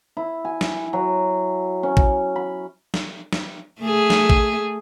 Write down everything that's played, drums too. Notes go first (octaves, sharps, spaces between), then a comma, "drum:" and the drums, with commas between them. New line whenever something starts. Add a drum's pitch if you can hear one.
E4
G#5
drum: snare
F#3
C#4
drum: kick A#1
B5
drum: snare
drum: snare
A3 G#4
drum: snare
drum: kick A#1